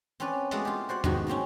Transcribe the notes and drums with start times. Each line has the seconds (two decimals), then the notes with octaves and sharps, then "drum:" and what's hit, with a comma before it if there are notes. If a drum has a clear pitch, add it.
0.20 C4 C#4 A4 B4 D5
0.51 G#3 A3 B3 F#4 A4 D5, drum: hi-hat
0.65 F4 G4
0.89 F#4 C5 D5 F#5
1.04 G#2 B2 D#3 G3 F#4 G4, drum: tom E2
1.27 D#3 A#3 C4 C#4